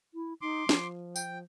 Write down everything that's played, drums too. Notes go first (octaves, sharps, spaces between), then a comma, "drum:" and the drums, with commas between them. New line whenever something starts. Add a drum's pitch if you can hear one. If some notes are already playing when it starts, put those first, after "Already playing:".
E4
D#4 C6 D6
F3, drum: snare
G5, drum: tambourine